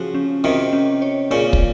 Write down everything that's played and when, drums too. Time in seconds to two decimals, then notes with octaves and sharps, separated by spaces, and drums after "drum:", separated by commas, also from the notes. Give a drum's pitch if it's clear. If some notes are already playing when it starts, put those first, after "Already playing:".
Already playing: C#3 F3 F#4
0.14 C#4
0.44 C3 D#3 F4
0.73 C#4
1.02 C#5
1.31 A#2 C#3 C#4
1.53 drum: kick